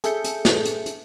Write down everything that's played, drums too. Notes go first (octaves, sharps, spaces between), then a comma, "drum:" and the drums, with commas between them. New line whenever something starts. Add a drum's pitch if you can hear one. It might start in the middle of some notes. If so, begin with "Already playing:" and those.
G#4 A4 E5 G6 C#7, drum: hi-hat
drum: hi-hat
drum: snare
drum: hi-hat
drum: hi-hat